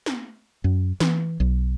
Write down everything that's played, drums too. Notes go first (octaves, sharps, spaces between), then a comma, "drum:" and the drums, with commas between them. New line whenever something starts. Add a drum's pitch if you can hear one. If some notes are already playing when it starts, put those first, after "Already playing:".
drum: snare
F#2
E3, drum: snare
B1